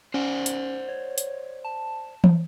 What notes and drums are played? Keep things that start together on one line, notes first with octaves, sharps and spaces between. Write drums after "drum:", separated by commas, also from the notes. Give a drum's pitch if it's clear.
C#4 C5 D5 F#5
drum: hi-hat
C#5
drum: hi-hat
A5
drum: tom E3